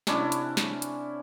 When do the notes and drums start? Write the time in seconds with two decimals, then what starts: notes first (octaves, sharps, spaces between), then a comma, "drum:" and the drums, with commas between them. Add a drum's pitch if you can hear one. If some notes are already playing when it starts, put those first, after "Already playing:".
0.07 C3 C#4 D4 E4, drum: snare
0.32 drum: hi-hat
0.57 drum: snare
0.82 drum: hi-hat